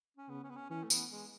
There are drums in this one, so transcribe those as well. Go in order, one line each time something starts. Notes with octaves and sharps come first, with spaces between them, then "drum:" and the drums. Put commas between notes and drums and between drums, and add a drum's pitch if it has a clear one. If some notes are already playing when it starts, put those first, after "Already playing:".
C#4
C#3 B3
C#4
B3
C#4
E3 C#4
A3
B3, drum: tambourine
G#3